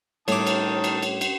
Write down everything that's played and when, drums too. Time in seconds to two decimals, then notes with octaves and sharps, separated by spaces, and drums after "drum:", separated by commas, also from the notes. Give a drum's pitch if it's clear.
0.28 A2 D#3 G3 C#5 A5 D6 D#6, drum: cymbal
0.47 drum: cymbal
0.84 drum: cymbal
1.02 drum: cymbal
1.21 drum: cymbal